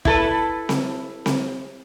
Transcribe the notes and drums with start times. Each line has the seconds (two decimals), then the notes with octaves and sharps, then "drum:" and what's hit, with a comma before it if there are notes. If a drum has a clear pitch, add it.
0.05 E4 A4 B4, drum: kick
0.69 drum: snare C4
1.26 drum: snare C4